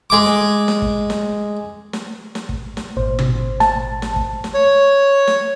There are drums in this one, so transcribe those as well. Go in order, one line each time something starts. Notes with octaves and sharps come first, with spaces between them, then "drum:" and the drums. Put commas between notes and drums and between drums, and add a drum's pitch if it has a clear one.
G#3 D6
drum: snare
drum: snare
drum: kick
drum: snare
drum: snare
drum: snare
drum: kick
drum: snare
G#1 A#2 C5
drum: tom
A5, drum: snare
drum: snare
drum: kick
drum: snare
C#5
drum: snare